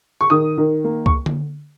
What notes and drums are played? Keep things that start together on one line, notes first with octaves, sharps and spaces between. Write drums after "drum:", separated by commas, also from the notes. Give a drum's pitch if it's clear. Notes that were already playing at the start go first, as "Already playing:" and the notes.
C#6
D#3 D#6
D#3
A#3
C#6, drum: kick C#2
drum: tom D3